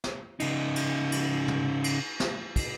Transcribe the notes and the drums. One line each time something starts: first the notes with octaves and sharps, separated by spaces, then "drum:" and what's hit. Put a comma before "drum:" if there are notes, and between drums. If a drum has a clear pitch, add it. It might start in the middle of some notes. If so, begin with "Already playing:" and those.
drum: snare
C#3 D#4, drum: cymbal
drum: cymbal
drum: cymbal
drum: tom
drum: cymbal
drum: snare
drum: kick, cymbal